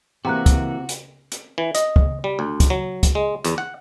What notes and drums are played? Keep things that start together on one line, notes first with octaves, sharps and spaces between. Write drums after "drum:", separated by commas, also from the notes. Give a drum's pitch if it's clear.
C3 E3 A#3 F#4 G5 A#5 F#6
drum: kick, hi-hat
drum: hi-hat
drum: hi-hat
E3
D#5, drum: hi-hat
drum: kick
G3
D2
drum: kick, hi-hat
F#3
drum: kick, hi-hat
G#3
E2, drum: hi-hat
F#5